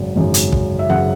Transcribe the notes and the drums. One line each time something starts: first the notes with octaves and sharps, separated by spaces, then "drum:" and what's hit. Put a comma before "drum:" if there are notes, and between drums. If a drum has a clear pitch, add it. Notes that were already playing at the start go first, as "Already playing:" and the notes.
Already playing: G#1 F#2 C#3
G#1 F#2 C#3
drum: hi-hat
drum: kick
E5
F#2 C#3 F#5